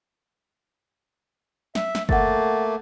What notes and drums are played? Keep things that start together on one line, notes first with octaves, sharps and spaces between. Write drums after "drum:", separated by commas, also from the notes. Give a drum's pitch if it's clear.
E5, drum: snare
drum: snare
A3 A#3 F#5 A6, drum: kick F#1